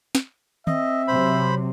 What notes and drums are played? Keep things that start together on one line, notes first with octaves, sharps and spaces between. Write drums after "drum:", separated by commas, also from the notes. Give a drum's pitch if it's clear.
drum: snare
C4 D#5 E5, drum: tom
C3 F#3 C5 B5